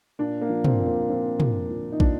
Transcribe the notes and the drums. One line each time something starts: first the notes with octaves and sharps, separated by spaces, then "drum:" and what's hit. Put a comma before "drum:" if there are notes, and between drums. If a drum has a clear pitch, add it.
A#2 D4
A#3
F3
C4, drum: tom
A#2
A#3
F3 C4
F3, drum: tom
F3
D#4
A#2 D4, drum: kick